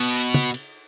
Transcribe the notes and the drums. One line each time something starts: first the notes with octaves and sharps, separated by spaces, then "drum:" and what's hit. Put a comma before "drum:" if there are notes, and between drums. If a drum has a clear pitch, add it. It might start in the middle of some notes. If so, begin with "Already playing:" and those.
Already playing: B2
drum: tom
drum: cymbal